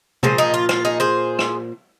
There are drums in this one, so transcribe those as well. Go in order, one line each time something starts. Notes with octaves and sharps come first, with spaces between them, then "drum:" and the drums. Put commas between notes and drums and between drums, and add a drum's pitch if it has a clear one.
A#2 F3 A#3 G#4 C5, drum: tom C3
D#4 G#4
F4
F4, drum: rim click
D#4 G#4
G#4 C5
drum: rim click